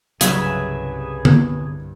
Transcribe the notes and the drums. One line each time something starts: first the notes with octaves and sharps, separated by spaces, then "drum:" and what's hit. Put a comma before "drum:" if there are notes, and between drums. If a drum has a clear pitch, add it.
C2 G2 C#3 F#3 G#4 B4 E5, drum: hi-hat
drum: tom D3